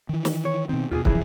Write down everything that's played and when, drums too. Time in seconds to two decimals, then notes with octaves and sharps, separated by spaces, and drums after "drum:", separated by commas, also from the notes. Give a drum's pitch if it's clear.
0.09 D#3 E3
0.25 drum: snare
0.45 C#5
0.69 B2 D#3 C4
0.91 D#2 B2 F4 G4 G#4
1.05 C2 F#2 E3 F3 E4 G#4, drum: kick